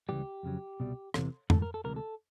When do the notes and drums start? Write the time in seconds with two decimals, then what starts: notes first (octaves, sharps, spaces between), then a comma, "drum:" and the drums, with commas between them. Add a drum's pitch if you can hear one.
0.09 C#2 C#3 E3 G3 G4
0.43 F2 C#3 F#3
0.80 C2 B2 G3
1.14 E2 C3 E3, drum: rim click
1.50 G#2 E3 A3 A4, drum: tom F2
1.62 A#4
1.74 A4
1.85 D2 C3 E3 G#3 A#4
1.96 A4